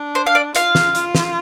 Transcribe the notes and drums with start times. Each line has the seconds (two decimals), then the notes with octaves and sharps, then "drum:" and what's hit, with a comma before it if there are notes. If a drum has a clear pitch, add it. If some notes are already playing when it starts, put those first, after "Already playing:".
Already playing: D4
0.15 C5
0.27 F5
0.35 D5
0.55 F4 F5, drum: hi-hat
0.75 drum: snare
0.95 F4, drum: hi-hat
1.15 drum: snare